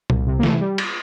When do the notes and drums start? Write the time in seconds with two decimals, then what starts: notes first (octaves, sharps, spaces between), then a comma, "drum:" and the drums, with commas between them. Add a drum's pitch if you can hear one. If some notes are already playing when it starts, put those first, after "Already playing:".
0.10 C2, drum: tom
0.27 C3
0.39 A#3
0.43 E3 A3, drum: snare
0.61 G3
0.78 drum: cymbal